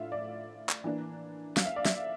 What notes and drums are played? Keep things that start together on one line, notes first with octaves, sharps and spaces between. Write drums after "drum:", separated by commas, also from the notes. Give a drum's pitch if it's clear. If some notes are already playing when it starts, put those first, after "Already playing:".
Already playing: A2 D4 F4 E5 F5
D5
drum: clap
E3 A#3 D4
F5, drum: snare
E5
D5
E5, drum: snare